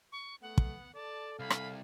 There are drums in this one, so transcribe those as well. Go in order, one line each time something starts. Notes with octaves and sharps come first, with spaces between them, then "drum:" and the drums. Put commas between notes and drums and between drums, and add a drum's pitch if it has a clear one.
C#6
A3 B3 F#5
drum: kick
A4 D5 A5
C2 F5 B5
drum: rim click